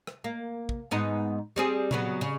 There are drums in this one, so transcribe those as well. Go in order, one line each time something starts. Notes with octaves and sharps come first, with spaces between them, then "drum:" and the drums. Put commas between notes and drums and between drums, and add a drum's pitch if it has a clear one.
drum: rim click
A#3
drum: kick
G#2 B3 D#4
G3 C4 G#4
C#3 F#3 B3, drum: tom A#2
C#3